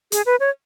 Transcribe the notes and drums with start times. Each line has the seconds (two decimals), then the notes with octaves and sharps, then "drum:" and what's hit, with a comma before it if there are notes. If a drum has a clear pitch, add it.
0.12 G#4, drum: hi-hat
0.26 B4
0.40 C#5